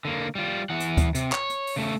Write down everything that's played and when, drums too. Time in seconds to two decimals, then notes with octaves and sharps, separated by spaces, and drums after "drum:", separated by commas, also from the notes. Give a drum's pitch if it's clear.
0.05 D3 A#3
0.35 G3 F4
0.70 E3 F#5
0.80 drum: hi-hat
0.97 drum: kick D2, hi-hat
1.15 C3, drum: hi-hat
1.32 C#5, drum: clap
1.50 drum: hi-hat
1.67 drum: open hi-hat
1.76 C#3 A3